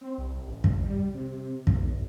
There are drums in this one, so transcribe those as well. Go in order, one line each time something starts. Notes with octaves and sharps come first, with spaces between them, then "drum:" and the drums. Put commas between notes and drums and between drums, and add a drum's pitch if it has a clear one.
C4
C2
A1
drum: kick
G3
C3
B1, drum: kick